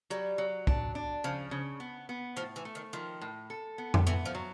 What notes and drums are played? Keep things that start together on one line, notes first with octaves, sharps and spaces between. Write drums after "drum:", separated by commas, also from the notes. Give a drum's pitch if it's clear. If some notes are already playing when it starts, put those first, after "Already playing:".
F#3 G3
F#3
D4, drum: kick
D4
C#3 F3
C#3
B3
B3
A2 F3
E3
A3
D#3
D#3 F3
A2
A4
B3
drum: tom F2
E3 B3
F3
F#3